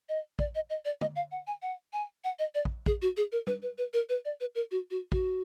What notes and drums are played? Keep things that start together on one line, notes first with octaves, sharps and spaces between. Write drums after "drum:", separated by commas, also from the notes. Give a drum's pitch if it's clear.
D#5
D5, drum: kick
D#5
D#5
D5
D#5, drum: tom
F5
F#5
G#5
F#5
G#5
F#5
D#5
D5
drum: kick
G#4, drum: kick
F#4
G#4
A#4
B4, drum: tom G3
B4
B4
A#4
B4
D5
B4
A#4
F#4
F#4
F#4, drum: kick